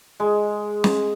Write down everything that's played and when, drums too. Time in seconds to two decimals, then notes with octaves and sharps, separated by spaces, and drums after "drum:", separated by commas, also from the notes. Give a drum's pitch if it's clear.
0.20 G#3
0.84 drum: snare